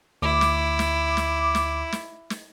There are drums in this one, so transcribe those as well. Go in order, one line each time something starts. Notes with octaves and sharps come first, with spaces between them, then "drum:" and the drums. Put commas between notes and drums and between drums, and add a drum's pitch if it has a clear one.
D2 E4 D6
drum: snare
drum: snare
drum: snare
drum: snare
drum: snare
drum: snare